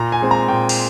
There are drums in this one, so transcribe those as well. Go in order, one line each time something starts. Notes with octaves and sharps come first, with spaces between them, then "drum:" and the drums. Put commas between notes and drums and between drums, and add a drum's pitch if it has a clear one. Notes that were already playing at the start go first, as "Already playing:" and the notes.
Already playing: A#2 A#5
G#5
G#3 C4
A#5
A#2 G5
drum: cymbal